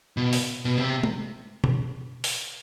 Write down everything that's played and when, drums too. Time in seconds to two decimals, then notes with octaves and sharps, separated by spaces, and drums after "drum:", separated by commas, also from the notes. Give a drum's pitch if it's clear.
0.17 B2
0.33 drum: open hi-hat
0.65 B2
0.78 C3
1.03 drum: tom
1.64 drum: tom B2
2.24 drum: open hi-hat